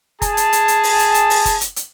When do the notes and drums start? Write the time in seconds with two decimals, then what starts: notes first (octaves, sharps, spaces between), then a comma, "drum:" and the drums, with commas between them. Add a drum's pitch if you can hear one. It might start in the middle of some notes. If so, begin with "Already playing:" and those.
0.22 G#4 A5, drum: kick F#1, hi-hat
0.37 drum: hi-hat
0.53 drum: hi-hat
0.68 drum: hi-hat
0.84 drum: open hi-hat
0.99 drum: hi-hat
1.14 drum: hi-hat
1.30 drum: open hi-hat
1.45 drum: kick F#1, hi-hat
1.61 drum: hi-hat
1.76 drum: hi-hat